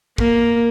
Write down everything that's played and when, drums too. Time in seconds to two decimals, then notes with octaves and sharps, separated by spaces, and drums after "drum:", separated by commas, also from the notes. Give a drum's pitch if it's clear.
0.18 A#3, drum: kick